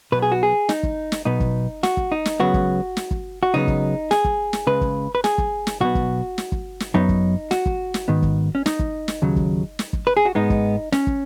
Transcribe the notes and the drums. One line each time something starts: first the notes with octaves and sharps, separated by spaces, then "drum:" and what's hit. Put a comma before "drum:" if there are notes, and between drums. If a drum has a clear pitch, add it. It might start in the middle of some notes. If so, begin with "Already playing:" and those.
B1 B2 B3 B4
G#4
F#4
G#4
D#4, drum: snare
drum: kick
drum: snare
B1 B2 B3 D#4
drum: kick
F#4, drum: snare
drum: kick
D#4
drum: snare
C#2 C#3 F#3 B3 F#4
drum: kick
drum: snare
drum: kick
F#4
C#2 C#3 F#3 B3 D#4
drum: kick
G#4, drum: snare
drum: kick
drum: snare
C#2 C#3 G#3 B4
drum: kick
B4
G#4, drum: snare
drum: kick
drum: snare
B1 B2 B3 F#4
drum: kick
drum: snare
drum: kick
drum: snare
F#2 F#3 B3 D#4
drum: kick
F#4, drum: snare
drum: kick
drum: snare
G#2 D#3 B3
drum: kick
C#4
D#4, drum: snare
drum: kick
drum: snare
D#2 C#3 F#3
drum: kick
drum: snare
drum: kick
B4
G#4
F#4
G#2 G#3 B3 D#4
drum: kick
C#4, drum: snare
drum: kick